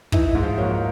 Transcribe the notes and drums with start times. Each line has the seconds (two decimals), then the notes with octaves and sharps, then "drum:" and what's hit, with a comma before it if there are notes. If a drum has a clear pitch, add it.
0.12 E3 D#4, drum: kick
0.28 E3
0.35 G#2
0.43 F3
0.58 F#3 A#3